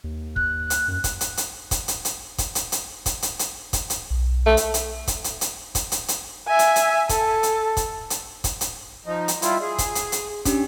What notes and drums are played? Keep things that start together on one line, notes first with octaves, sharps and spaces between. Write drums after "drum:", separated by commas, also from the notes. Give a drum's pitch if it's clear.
D#2
F#6, drum: kick
drum: hi-hat
F#2
drum: kick, hi-hat
drum: hi-hat
drum: hi-hat
drum: kick, hi-hat
drum: hi-hat
drum: hi-hat
drum: kick, hi-hat
drum: hi-hat
drum: hi-hat
drum: kick, hi-hat
drum: hi-hat
drum: hi-hat
drum: kick, hi-hat
drum: hi-hat
B1
A3
drum: hi-hat
drum: hi-hat
drum: kick, hi-hat
drum: hi-hat
drum: hi-hat
drum: kick, hi-hat
drum: hi-hat
drum: hi-hat
E5 G#5
drum: hi-hat
drum: hi-hat
A4, drum: kick, hi-hat
drum: hi-hat
drum: kick, hi-hat
drum: hi-hat
drum: kick, hi-hat
drum: hi-hat
F3 D#4
drum: hi-hat
G3 E4 F4, drum: hi-hat
G#4
drum: kick, hi-hat
drum: hi-hat
drum: hi-hat
C#4 D4 G4, drum: kick, hi-hat